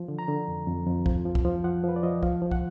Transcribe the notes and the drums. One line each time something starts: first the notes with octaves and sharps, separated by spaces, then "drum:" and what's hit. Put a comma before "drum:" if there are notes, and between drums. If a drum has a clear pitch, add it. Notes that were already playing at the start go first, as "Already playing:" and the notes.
Already playing: F3
D3
A#5
D3
F2
F2
F2
F3, drum: kick
F3
drum: kick
F3
F3 F#5
F3 B4
D5
F3 D#5
F3 F5, drum: kick
F3
F#5, drum: kick